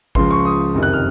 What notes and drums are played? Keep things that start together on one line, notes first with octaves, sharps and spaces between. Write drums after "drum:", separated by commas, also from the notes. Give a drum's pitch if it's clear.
C#2 C#3 F3 C6, drum: kick G#1
C#6
D#6
F#1 F2 C3 D#3
F#6
F6